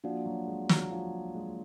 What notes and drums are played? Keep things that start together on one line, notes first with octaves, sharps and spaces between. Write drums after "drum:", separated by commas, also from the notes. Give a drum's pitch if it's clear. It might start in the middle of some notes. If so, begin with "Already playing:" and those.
F3 A#3 D4 F#4 D5 F#5
F#3
G#3
F#3, drum: snare
F3
G#3